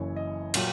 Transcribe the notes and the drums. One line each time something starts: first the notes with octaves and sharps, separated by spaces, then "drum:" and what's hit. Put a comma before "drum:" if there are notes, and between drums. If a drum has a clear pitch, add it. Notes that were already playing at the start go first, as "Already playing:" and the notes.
Already playing: F#1 F#2 E3 C#5
D#5
A#2 F#3, drum: cymbal